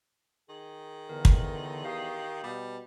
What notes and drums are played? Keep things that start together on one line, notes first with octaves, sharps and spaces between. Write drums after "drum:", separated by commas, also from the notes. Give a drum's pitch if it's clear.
D#3 G#4
E2 D3 A#4
drum: kick
G4 F5 D#6 C7
B2 G3